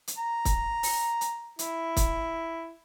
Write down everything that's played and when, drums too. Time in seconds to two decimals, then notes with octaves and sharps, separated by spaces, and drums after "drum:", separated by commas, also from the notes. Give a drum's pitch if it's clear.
0.08 drum: hi-hat
0.18 A#5
0.45 drum: kick, hi-hat
0.83 drum: open hi-hat
1.21 drum: hi-hat
1.59 E4, drum: hi-hat
1.97 drum: kick, hi-hat